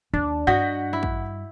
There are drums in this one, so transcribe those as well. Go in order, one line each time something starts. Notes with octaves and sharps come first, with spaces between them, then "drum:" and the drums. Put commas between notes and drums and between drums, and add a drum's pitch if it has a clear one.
D#2 D4
G2 F#4 D#5 F#5 G6 B6
E4
drum: kick